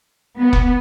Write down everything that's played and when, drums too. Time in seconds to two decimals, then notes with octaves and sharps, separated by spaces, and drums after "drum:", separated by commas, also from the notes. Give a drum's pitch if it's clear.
0.38 B3
0.53 drum: kick